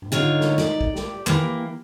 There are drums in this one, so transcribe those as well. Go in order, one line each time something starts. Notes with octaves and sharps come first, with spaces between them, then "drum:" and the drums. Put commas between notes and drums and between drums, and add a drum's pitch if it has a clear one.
drum: tom G#2
D3 D#4 F4 C#5
drum: snare
D5, drum: snare
drum: kick
G4, drum: snare
E3 A#3, drum: clap